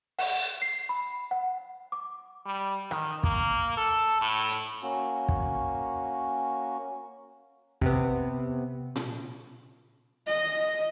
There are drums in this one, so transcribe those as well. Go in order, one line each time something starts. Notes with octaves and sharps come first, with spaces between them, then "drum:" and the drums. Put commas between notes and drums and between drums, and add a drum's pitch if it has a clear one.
F#5, drum: open hi-hat
C7
B5
F#5
D6
G3
D#3, drum: rim click
A#3, drum: kick
A4
A2
drum: hi-hat
A#3 C#4 F#4
drum: kick
C3 B3, drum: kick
drum: tom A#2
D#5